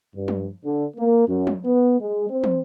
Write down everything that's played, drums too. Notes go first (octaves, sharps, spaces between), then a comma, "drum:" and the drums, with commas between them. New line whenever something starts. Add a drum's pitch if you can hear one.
G2
drum: tom
D3
A#3
F#2
drum: tom
B3
G#3
C4
drum: tom